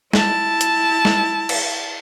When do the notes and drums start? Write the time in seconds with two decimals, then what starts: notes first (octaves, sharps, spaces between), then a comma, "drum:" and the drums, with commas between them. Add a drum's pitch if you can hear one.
0.13 E4 A5, drum: snare
0.61 drum: hi-hat
1.05 drum: snare
1.49 drum: cymbal